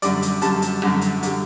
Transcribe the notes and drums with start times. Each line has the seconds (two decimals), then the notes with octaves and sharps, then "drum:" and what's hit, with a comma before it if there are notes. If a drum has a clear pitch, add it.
0.02 F#2 D3 G3 D5, drum: hi-hat
0.22 drum: hi-hat
0.42 F#2 D3 G3 A5, drum: hi-hat
0.62 drum: hi-hat
0.82 F#2 D3 G3, drum: rim click
1.01 drum: hi-hat
1.23 D3 G3, drum: hi-hat